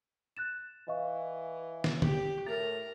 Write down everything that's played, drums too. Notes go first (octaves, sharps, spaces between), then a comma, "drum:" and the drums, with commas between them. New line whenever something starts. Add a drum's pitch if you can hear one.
F#6 A6 E7
E3 D#5 F5 C#6
drum: snare
G4, drum: tom
A2 A#4 A#5 A6